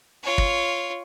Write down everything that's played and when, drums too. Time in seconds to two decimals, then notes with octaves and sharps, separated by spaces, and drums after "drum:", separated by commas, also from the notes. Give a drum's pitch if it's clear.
0.23 F4 C#5
0.38 drum: kick